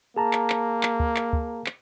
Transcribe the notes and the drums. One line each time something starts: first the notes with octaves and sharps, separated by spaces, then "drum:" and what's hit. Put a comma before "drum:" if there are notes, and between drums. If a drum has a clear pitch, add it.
A#3 G#4 A5 A#5
drum: clap
drum: clap
drum: clap
drum: kick
drum: clap
drum: kick
drum: clap